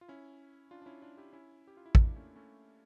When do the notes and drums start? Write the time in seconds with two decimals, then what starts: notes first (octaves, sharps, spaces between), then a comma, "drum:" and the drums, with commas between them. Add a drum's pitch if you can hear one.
0.01 F4
0.08 C#4 E4
0.71 D4 F4
0.82 D4
0.86 C#4 E4
1.02 D4 F4
1.18 E4 G4
1.33 C#4 E4
1.67 G4
1.77 F4
1.86 E4
1.95 A#3 D4, drum: kick
2.16 A3 C#4
2.36 A3 C#4